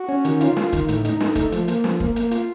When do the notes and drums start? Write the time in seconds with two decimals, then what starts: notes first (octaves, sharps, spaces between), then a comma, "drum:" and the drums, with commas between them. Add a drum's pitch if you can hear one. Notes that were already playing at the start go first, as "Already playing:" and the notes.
Already playing: F#4
0.09 C#4
0.25 D#3, drum: hi-hat
0.41 F4, drum: hi-hat
0.57 F4, drum: snare
0.73 D#3, drum: kick, hi-hat
0.89 A2, drum: hi-hat
1.05 D#4, drum: hi-hat
1.20 D#4, drum: snare
1.35 A3, drum: kick, hi-hat
1.52 F3, drum: hi-hat
1.68 A#3, drum: hi-hat
1.84 F3, drum: snare
2.00 A#3, drum: kick
2.16 A#3, drum: hi-hat
2.31 F4, drum: hi-hat